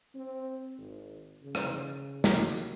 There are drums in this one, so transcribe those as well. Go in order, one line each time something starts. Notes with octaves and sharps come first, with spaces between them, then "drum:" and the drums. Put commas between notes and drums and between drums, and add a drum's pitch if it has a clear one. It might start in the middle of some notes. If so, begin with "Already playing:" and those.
C4
G#1
C#3
drum: rim click
C#3 A#3 F#4 G4, drum: snare
drum: tambourine